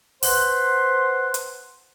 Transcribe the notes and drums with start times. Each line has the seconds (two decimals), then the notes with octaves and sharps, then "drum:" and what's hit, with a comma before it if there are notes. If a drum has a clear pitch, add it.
0.23 B4 C5 F#5 C6, drum: open hi-hat
1.34 drum: hi-hat